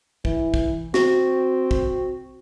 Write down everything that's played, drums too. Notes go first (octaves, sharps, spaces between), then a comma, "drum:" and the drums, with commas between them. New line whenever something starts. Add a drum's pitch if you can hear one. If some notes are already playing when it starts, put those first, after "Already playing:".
E3, drum: kick
drum: kick
C4 F#4, drum: snare
drum: kick